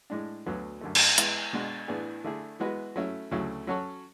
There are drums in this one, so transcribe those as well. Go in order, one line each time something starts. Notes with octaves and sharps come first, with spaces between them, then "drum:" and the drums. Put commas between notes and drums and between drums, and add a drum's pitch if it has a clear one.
A2 G#3 D4
D2 D3 F#3 B3
F#2 D3 A3
drum: cymbal
E3 G#3 B3 E4, drum: hi-hat
B2 G#3 D4 F#4
A2 E3 B3 D4 G#4
D3 A3 E4 G#4
E3 G#3 B3 F#4 B4
F#3 A3 C#4 E4
D2 C#3 F#3 A3 E4
F#3 C#4 F#4 A4 C#5